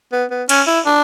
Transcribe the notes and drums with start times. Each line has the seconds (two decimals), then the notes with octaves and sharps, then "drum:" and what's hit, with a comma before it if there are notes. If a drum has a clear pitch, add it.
0.13 B3
0.31 B3
0.49 C#4, drum: cymbal
0.67 E4
0.86 D4